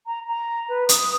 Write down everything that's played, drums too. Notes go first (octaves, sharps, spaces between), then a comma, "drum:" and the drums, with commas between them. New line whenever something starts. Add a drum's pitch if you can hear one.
A#5
A#5
B4
D#6, drum: hi-hat